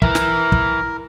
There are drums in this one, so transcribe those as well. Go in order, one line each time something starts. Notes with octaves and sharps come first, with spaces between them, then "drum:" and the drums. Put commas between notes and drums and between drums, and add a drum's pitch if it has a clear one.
E4 A#4 B4 E5, drum: kick
drum: snare
drum: kick